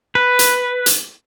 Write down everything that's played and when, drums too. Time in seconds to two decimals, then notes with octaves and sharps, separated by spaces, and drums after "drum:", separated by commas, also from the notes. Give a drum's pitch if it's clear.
0.15 B4
0.39 drum: hi-hat
0.86 drum: hi-hat